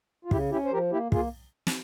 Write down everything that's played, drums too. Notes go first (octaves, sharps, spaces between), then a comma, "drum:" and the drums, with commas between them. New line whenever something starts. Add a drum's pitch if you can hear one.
F4
C#3 E4 G4, drum: kick
C#4 E4 G4
C5
F3 G4 A#4
A#3 E4 G4
A#3 F4 G#4, drum: kick
drum: snare